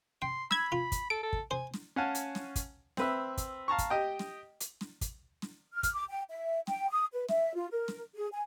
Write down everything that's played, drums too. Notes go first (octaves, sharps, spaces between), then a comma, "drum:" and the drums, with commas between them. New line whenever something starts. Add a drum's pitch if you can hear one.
G5 C6
B5 E6 G#6, drum: snare
F4
drum: kick, hi-hat
A4 D7
A4
drum: kick
C5 G#5
drum: snare
C#4 F5 F#5 G#5 A5
drum: hi-hat
drum: snare
drum: kick, hi-hat
C4 B4 E5, drum: snare
drum: kick, hi-hat
F5 A5 A#5 C#6
drum: kick, hi-hat
G4 D#5 G5
drum: snare
drum: hi-hat
drum: snare
drum: kick, hi-hat
drum: snare
F6
drum: kick, hi-hat
D6
G5
E5
G5, drum: snare
D#6
B4
E5, drum: snare
F4
A#4
drum: snare
G#4
G#5